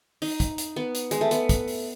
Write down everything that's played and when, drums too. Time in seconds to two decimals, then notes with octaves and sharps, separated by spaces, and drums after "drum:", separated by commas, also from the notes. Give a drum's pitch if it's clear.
0.22 D#4, drum: open hi-hat
0.40 drum: kick, hi-hat
0.58 drum: hi-hat
0.76 B3
0.95 drum: hi-hat
1.11 G#3, drum: hi-hat
1.21 A3
1.31 B3, drum: hi-hat
1.49 drum: kick, hi-hat
1.68 drum: open hi-hat